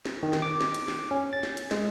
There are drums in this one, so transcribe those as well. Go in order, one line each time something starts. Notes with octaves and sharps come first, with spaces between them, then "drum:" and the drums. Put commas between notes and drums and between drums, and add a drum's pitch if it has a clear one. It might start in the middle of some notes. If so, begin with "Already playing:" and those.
drum: snare
D#3
drum: snare
D6
drum: snare
drum: hi-hat
drum: snare
C#4
A6
drum: snare
drum: hi-hat
G#3, drum: snare